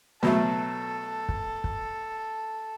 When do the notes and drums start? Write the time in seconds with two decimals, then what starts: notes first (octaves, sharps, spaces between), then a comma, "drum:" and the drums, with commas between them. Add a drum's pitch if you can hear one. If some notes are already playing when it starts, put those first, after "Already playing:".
0.23 B2 F#3 A3 A4, drum: snare
1.29 drum: kick
1.64 drum: kick